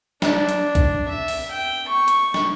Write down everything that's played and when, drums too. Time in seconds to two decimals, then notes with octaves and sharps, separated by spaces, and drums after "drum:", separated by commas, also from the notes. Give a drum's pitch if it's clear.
0.22 D4, drum: snare
0.49 drum: hi-hat
0.75 drum: kick B1, hi-hat
1.08 E5
1.28 drum: open hi-hat
1.51 G5
1.88 C#6
2.08 drum: hi-hat
2.34 drum: snare